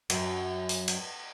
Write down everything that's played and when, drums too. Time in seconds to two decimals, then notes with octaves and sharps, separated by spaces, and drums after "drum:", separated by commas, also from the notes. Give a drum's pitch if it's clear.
0.10 F#2, drum: cymbal
0.69 drum: open hi-hat
0.88 drum: cymbal